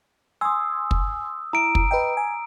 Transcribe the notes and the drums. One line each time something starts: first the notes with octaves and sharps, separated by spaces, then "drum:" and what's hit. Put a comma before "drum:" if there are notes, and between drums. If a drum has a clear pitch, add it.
G#5 C6 D#6 E6
drum: kick
E4 A#5 D7
drum: kick
B4 D#5 G5
G#5